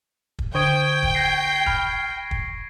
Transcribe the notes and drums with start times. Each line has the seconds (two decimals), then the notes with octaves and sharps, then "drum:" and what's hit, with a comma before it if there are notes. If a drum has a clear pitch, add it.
0.39 drum: kick
0.55 D3 C5 G5 C#6 D#6 G#6 D7
1.03 drum: kick
1.15 A#6 C7
1.66 B5 F6, drum: kick
2.31 drum: kick